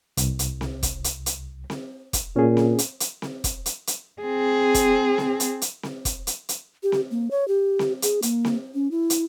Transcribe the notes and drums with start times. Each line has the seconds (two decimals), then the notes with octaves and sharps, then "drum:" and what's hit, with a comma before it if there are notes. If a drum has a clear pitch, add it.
0.17 C2, drum: hi-hat
0.39 drum: hi-hat
0.61 drum: snare C4
0.83 drum: kick, hi-hat
1.04 drum: hi-hat
1.26 drum: hi-hat
1.70 drum: snare C4
2.13 drum: kick, hi-hat
2.36 A#2 C#4 G#4
2.57 drum: snare C4
2.79 drum: hi-hat
3.00 drum: hi-hat
3.22 drum: snare C4
3.44 drum: kick, hi-hat
3.66 drum: hi-hat
3.87 drum: hi-hat
4.22 C4 G#4
4.74 drum: kick, hi-hat
5.18 drum: snare C4
5.40 drum: hi-hat
5.62 drum: hi-hat
5.83 drum: snare C4
6.05 drum: kick, hi-hat
6.27 drum: hi-hat
6.49 drum: hi-hat
6.83 G4
6.92 drum: snare C4
7.11 A#3
7.31 C#5
7.48 G4
7.79 drum: snare C4
8.02 G#4, drum: hi-hat
8.22 A#3, drum: hi-hat
8.45 drum: snare C4
8.74 C#4
8.91 E4
9.10 drum: hi-hat